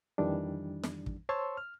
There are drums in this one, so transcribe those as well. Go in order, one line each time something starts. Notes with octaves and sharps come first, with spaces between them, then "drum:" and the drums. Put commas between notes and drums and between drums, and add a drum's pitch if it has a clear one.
F2 D#3 E3 G3 D4
drum: snare
drum: kick
C5 C#5 A5 C6 C#6 E6
F6